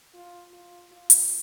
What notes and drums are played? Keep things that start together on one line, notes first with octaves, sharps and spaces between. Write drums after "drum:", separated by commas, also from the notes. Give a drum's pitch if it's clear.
F4
F4
F4
drum: hi-hat